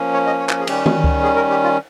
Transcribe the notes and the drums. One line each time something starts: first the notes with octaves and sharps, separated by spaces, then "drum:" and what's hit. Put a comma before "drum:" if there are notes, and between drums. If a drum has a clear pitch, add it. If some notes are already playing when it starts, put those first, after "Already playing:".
Already playing: F3 A#3 C#4
C#5
D#5
C#5
drum: clap
G#4
D#3 G3 C#4 G4, drum: cymbal
drum: tom D#3
drum: kick C#2
G#4
A#4
G4
F4